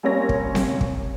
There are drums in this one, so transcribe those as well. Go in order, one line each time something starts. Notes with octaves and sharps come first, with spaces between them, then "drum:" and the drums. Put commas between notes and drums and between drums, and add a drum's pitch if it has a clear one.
G3 A#3 C4 C#4 C#5 A#6
drum: kick
drum: snare C4
drum: kick